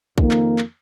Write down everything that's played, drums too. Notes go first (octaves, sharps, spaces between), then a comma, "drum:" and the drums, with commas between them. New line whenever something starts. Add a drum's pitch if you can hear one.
F2 D#3 A#3, drum: kick
drum: clap
drum: clap